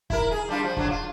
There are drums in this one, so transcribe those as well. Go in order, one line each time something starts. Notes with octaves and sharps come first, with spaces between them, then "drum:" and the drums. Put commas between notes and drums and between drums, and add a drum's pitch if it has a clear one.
E4 A#4, drum: kick
G#4
G3 D4 F4
F3
D3 F#3 D4, drum: kick
F4